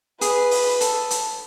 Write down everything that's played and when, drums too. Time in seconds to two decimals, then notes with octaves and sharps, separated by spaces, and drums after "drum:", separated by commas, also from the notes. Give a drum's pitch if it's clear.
0.21 G#4 B4, drum: hi-hat
0.51 drum: open hi-hat
0.81 A4, drum: hi-hat
1.10 drum: hi-hat